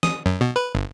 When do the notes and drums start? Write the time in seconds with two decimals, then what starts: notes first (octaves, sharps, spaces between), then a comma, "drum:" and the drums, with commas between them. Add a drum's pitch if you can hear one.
0.03 D#6, drum: snare
0.26 F#2
0.41 B2
0.56 B4
0.75 G1